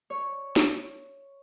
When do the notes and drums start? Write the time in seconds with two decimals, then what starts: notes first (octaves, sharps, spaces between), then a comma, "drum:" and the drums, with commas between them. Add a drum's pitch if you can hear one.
0.10 C#5
0.56 drum: snare